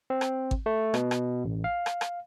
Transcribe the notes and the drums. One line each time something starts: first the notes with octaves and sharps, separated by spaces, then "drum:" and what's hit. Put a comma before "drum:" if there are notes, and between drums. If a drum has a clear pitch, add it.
C4
drum: rim click
drum: kick G#1
A3
B2, drum: rim click
drum: rim click
A1
F5
drum: rim click
drum: rim click